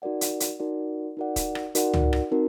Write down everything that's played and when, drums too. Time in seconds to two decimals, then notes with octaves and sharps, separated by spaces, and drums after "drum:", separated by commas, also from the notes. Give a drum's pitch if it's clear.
0.02 D#4 F#4 A#4 D5 F#5
0.21 drum: hi-hat
0.40 drum: hi-hat
0.59 D#4 F#4 A#4 D5 F#5
1.17 D#4 F#4 A#4 D5 F#5
1.36 drum: kick D#1, hi-hat
1.55 drum: rim click
1.75 D#4 F#4 A#4 D5 F#5, drum: hi-hat
1.94 drum: tom C#2
2.13 drum: rim click
2.32 C4 D#4 F#4 A#4